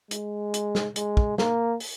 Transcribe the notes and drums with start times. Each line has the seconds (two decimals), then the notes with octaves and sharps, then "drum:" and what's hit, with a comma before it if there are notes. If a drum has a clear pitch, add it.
0.11 G#3, drum: hi-hat
0.54 drum: hi-hat
0.75 drum: snare
0.96 G#3, drum: hi-hat
1.17 drum: kick
1.38 A#3, drum: snare
1.80 drum: open hi-hat